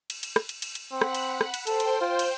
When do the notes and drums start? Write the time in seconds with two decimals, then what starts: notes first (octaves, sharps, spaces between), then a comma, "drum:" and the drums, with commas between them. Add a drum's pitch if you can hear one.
0.10 drum: cymbal
0.23 drum: cymbal
0.36 drum: rim click
0.49 drum: cymbal
0.62 drum: cymbal
0.75 drum: cymbal
0.92 C4 F#5 B5 F#6
1.01 drum: rim click
1.15 drum: cymbal
1.41 drum: rim click
1.54 drum: cymbal
1.67 A4 C5 G5 C6, drum: cymbal
1.80 drum: cymbal
2.01 F4
2.19 drum: cymbal